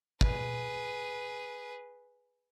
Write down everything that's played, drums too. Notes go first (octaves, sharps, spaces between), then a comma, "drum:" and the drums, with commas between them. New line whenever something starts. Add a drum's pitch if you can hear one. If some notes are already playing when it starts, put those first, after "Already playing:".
G#4 B4, drum: kick